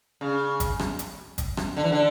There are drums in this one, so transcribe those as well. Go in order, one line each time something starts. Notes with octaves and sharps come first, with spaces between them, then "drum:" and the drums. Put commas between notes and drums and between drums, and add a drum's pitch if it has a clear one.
C#3
drum: kick G1, hi-hat
drum: rim click
drum: hi-hat
drum: kick G1, hi-hat
drum: rim click
D3
E3
D3